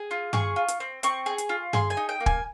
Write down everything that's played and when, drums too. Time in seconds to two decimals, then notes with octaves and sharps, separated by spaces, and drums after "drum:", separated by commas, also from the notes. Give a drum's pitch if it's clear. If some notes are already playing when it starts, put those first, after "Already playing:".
Already playing: G#4
0.11 F4
0.33 G#4 C#6, drum: tom G2
0.56 F4
0.68 drum: hi-hat
0.80 C4
1.03 C4 C#6, drum: hi-hat
1.26 G#4
1.38 drum: hi-hat
1.49 F4
1.73 G#4 C6, drum: tom G2
1.90 G#5
1.97 D#4
2.09 G5
2.20 A#3
2.26 G#5, drum: kick